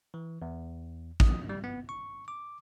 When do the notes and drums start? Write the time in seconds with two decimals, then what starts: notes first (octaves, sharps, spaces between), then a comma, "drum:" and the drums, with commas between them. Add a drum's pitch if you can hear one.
0.14 E3
0.42 E2
1.20 D#6, drum: kick A1
1.49 G3
1.64 B3
1.89 C#6
2.28 D6